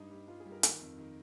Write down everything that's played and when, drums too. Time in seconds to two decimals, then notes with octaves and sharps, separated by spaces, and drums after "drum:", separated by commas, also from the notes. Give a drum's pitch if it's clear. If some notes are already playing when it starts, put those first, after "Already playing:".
Already playing: G2 D#4
0.11 G3
0.28 G2 F4
0.40 G#4
0.46 G3
0.52 A#4
0.63 D#3 A#4, drum: hi-hat
0.81 F2
0.98 D#3